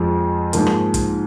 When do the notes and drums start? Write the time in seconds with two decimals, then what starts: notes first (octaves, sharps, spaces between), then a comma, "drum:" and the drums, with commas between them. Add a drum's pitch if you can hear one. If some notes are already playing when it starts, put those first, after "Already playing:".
Already playing: F2 F3 G#3 F4
0.53 G#2 F3 A#3, drum: hi-hat
0.67 drum: rim click
0.94 drum: kick, hi-hat